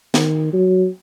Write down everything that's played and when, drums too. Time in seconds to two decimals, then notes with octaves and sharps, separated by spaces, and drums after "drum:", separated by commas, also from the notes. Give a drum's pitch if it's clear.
0.14 D#3, drum: snare
0.53 F#3